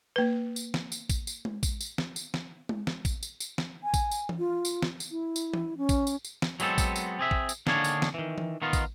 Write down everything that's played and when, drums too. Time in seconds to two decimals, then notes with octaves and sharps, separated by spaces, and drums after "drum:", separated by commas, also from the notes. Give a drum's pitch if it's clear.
0.16 A#3 B4
0.56 drum: tambourine
0.74 drum: snare
0.92 drum: tambourine
1.09 drum: kick, tambourine
1.27 drum: tambourine
1.45 drum: tom G#3
1.63 drum: kick, tambourine
1.81 drum: tambourine
1.98 drum: snare
2.16 drum: tambourine
2.34 drum: snare
2.69 drum: tom G#3
2.87 drum: snare
3.05 drum: kick, tambourine
3.23 drum: tambourine
3.40 drum: tambourine
3.58 drum: snare
3.84 G#5
3.94 drum: kick, tambourine
4.11 drum: tambourine
4.29 drum: tom E3
4.39 F4
4.65 drum: tambourine
4.82 drum: snare
5.00 drum: tambourine
5.11 E4
5.36 drum: tambourine
5.54 drum: tom E3
5.77 C#4
5.89 drum: kick, tambourine
6.07 drum: tambourine
6.25 drum: tambourine
6.42 drum: snare
6.60 F#3 G#3 B3 C4 A4, drum: tambourine
6.78 drum: kick, tambourine
6.96 drum: tambourine
7.19 C4 G#4 E5
7.31 drum: kick
7.49 drum: tambourine
7.67 D3 D#3 A#3 D4 G#4 C#5, drum: snare
7.84 drum: tambourine
8.02 drum: snare
8.14 D#3 E3
8.38 drum: tom E3
8.62 D#3 B3 D#4 F4
8.73 drum: kick, tambourine